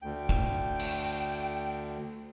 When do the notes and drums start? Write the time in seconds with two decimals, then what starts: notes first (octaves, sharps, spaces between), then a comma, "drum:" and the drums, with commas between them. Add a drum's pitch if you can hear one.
0.03 D2 G5
0.29 drum: kick
0.80 drum: cymbal